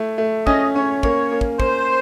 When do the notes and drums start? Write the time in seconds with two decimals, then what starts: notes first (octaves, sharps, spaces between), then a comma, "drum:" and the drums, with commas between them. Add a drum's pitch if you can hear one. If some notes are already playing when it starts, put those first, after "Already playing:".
Already playing: A3 E4
0.18 A3
0.47 C#4 D#5, drum: kick
0.76 C#4 C#5
1.03 A#3 C#5, drum: kick
1.32 A#3
1.41 drum: kick
1.60 A#3 C5, drum: kick